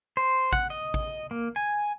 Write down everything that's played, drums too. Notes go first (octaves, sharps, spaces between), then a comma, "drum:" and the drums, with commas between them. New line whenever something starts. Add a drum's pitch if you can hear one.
C5
F#5, drum: kick
D#5
drum: kick
A#3
G#5